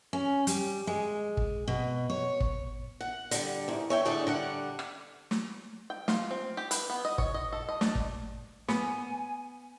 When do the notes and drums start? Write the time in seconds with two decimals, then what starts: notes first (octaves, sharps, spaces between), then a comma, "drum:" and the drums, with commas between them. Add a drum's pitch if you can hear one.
0.13 C#4
0.47 G3, drum: hi-hat
0.87 G#3
1.37 drum: kick
1.68 B2
2.10 C#5
2.40 drum: kick
3.01 F#5
3.31 D3 G3, drum: hi-hat
3.68 E2 G#2
3.90 C#5 E5 G5
4.05 A2 D3 D4 G#4 A4 D5
4.27 D3 G3 F#5
4.79 drum: rim click
5.31 drum: snare
5.90 G5
6.08 F4, drum: snare
6.31 C4
6.57 G4
6.71 B4, drum: hi-hat
6.90 B3
7.05 D#5
7.18 C#5, drum: kick
7.34 D#5
7.52 A4
7.69 D#5
7.81 D4, drum: snare
7.95 drum: kick
8.68 B3 G#5, drum: snare